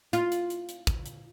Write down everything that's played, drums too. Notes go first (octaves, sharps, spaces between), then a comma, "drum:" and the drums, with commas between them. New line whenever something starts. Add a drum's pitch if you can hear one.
F4, drum: hi-hat
drum: hi-hat
drum: hi-hat
drum: hi-hat
drum: kick, hi-hat
drum: hi-hat